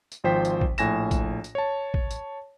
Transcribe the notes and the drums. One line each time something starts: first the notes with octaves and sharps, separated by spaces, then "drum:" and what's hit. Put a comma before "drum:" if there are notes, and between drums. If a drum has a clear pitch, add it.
drum: tambourine
G#1 F3 C5 G5 B6
drum: tambourine
drum: kick
A#1 A2 G#5 A#6 E7, drum: tambourine
drum: kick, tambourine
drum: tambourine
C#5 A5
drum: kick
drum: tambourine